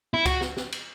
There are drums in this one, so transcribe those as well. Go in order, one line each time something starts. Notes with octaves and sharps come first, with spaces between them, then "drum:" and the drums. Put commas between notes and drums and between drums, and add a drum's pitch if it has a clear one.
E4
F#4, drum: kick C#2, cymbal
drum: snare
drum: snare
drum: cymbal